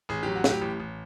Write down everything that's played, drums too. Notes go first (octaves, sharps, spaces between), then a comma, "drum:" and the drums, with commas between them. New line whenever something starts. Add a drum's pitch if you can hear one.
A1 G#4
F#3 G4
F#4
A2, drum: snare
G4
A1
A1